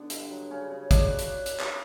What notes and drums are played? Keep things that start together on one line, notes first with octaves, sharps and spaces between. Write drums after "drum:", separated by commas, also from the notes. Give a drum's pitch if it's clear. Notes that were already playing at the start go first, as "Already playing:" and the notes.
Already playing: D3 B3 D4
G2, drum: hi-hat
F#3
C#3 C#4
C#3
C#3 D4, drum: kick, hi-hat
drum: hi-hat
drum: hi-hat
drum: clap